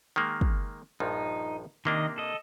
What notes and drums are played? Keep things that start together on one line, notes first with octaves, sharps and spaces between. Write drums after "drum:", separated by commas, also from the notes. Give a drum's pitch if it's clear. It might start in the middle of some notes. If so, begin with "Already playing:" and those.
D#3 G#3 A#3
drum: kick
A#1 G2 F3 D#4
C3 D#3 A#3 D4 D#5
A4 D#5